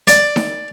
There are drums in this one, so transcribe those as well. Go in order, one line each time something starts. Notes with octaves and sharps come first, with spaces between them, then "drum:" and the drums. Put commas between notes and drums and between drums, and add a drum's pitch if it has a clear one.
D5, drum: hi-hat
drum: snare D#4